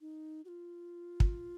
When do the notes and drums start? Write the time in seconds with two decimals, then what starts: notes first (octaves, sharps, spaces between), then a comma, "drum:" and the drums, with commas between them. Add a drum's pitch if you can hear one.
0.01 D#4
0.45 F#4
0.48 F4
1.20 drum: kick